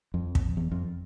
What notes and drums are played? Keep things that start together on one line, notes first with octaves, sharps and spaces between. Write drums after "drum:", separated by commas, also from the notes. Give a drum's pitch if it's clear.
F2
drum: kick
E2
F2